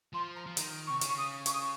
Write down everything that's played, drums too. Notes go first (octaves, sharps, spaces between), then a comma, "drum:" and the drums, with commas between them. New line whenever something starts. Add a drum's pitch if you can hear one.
F3 C6
A#5
F3
D#3 A#5, drum: hi-hat
C#6
C3
C#3, drum: hi-hat
C#6
D#6
C#6, drum: hi-hat
D#6
C#6